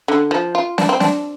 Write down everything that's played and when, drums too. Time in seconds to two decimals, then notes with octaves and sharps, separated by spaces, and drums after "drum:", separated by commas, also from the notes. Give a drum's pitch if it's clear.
0.08 D3
0.31 F3
0.55 F4
0.78 D4, drum: snare
0.89 C4
1.00 D4, drum: snare